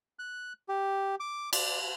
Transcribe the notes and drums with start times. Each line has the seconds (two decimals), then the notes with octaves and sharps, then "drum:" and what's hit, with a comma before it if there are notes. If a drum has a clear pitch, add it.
0.19 F#6
0.68 G4
1.20 D6
1.53 D5, drum: cymbal